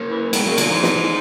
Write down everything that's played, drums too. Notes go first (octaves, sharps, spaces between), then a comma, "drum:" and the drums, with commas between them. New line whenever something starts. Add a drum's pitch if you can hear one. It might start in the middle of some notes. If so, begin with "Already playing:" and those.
Already playing: A#3 C#4
E3
D#3 G#3 B3, drum: cymbal
C#3 F#3 A#3
A#2 D#3 F#3, drum: cymbal
G#2 E3
E3, drum: snare
E3